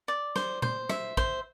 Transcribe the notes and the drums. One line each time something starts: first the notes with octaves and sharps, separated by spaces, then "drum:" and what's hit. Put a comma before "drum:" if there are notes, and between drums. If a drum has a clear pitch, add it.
D5
C5, drum: snare
C5, drum: tom A#2
E5, drum: snare
C5, drum: kick